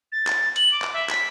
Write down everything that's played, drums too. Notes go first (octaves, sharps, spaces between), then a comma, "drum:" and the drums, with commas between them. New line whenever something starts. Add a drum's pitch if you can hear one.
A6
drum: clap
F#7, drum: hi-hat
D6
drum: clap
E5
B6, drum: clap